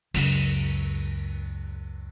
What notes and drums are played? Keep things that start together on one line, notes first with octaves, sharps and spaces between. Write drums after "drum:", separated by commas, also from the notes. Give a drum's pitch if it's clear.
C#2 F#2, drum: cymbal